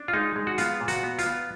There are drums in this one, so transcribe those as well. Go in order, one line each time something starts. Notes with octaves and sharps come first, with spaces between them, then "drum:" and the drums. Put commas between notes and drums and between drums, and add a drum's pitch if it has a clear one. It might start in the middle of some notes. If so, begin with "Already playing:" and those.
Already playing: D4
F4
G#3 D#4
G#3
F#4
B3 F4, drum: hi-hat
A#2
F#4, drum: hi-hat
B3
F4, drum: hi-hat
B3